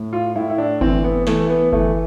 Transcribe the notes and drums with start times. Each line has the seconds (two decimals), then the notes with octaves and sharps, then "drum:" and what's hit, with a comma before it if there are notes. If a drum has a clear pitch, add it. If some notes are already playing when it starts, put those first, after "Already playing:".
Already playing: A2
0.13 F4
0.35 A2 E4
0.50 E4
0.58 D4
0.81 E3 C4, drum: kick G1
1.04 B3
1.27 E3 A3, drum: snare
1.50 B3
1.72 E3 A3, drum: kick G1